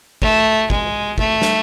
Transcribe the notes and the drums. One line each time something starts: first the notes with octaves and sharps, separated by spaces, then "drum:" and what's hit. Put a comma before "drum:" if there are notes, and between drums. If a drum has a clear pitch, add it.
A3, drum: kick
G#3, drum: kick
A3, drum: kick
drum: snare